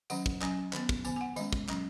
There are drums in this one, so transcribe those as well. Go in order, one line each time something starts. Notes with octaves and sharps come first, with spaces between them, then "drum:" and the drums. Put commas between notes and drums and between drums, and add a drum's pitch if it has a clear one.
D#3 F#3 C#4 F#5, drum: tambourine
drum: kick
F#3 C#4 G#5, drum: clap
D#3 B3, drum: clap
drum: kick
D#3 B3 G#5, drum: tambourine
G#5
F#5
D#3 G#3 C#4 D#5, drum: tambourine
drum: kick
F#3 C#4, drum: clap